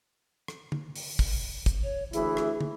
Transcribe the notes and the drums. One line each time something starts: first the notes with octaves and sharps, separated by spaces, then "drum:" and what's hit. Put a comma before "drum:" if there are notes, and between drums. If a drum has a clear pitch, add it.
drum: rim click
drum: tom
drum: open hi-hat
drum: kick, open hi-hat
drum: kick, hi-hat
C#5
D2 E3 E4 G#4, drum: hi-hat
drum: rim click
drum: tom